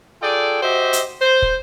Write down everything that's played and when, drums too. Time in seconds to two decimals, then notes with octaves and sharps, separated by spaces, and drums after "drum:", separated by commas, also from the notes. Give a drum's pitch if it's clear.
0.22 F4 G#4 A4 D5 G5
0.62 F#4 G4 C5 D#5 E5
0.93 drum: hi-hat
1.21 C5
1.42 drum: kick